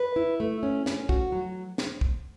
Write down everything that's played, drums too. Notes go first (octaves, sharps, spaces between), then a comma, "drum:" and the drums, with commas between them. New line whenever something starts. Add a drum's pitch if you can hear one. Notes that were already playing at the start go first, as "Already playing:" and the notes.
Already playing: B4
E4
A3
C#4
C#4, drum: snare
F#4, drum: kick
F#3
drum: snare
drum: kick